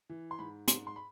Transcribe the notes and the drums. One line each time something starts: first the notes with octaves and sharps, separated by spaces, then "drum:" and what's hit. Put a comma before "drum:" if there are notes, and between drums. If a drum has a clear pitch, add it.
E3
C6
G#2 B5
G#2 C6, drum: hi-hat
C6
B5